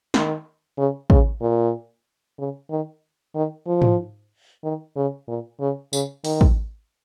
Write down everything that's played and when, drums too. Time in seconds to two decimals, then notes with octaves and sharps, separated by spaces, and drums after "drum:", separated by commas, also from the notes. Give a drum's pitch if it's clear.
0.14 D#3, drum: snare
0.78 C#3
1.10 C#3, drum: kick
1.42 A#2
2.38 C#3
2.70 D#3
3.35 D#3
3.67 F3
3.82 drum: tom G#2
4.64 D#3
4.96 C#3
5.28 A#2
5.60 C#3
5.93 C#3, drum: tambourine
6.25 D#3, drum: open hi-hat
6.41 drum: kick